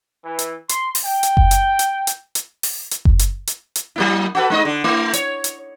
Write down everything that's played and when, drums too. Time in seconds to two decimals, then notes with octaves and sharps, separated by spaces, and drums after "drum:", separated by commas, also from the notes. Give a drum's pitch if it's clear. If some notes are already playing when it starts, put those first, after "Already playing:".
0.25 E3
0.39 drum: hi-hat
0.69 C6, drum: hi-hat
0.95 drum: open hi-hat
1.05 G5
1.23 drum: hi-hat
1.37 drum: kick F#1
1.51 drum: hi-hat
1.79 drum: hi-hat
2.07 drum: hi-hat
2.35 drum: hi-hat
2.63 drum: open hi-hat
2.91 drum: hi-hat
3.05 drum: kick F#1
3.19 drum: hi-hat
3.47 drum: hi-hat
3.75 drum: hi-hat
3.96 F#3 A#3 E4
4.35 F#4 A4 B4
4.50 G#3 D#4 D#5
4.65 D3
4.84 A3 E4
5.13 C#5, drum: hi-hat
5.44 drum: hi-hat